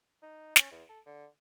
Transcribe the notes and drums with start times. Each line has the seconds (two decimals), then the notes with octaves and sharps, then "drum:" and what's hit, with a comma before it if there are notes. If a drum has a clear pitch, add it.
0.23 D#4
0.56 C#4, drum: snare
0.71 E2
0.89 A4
1.06 D3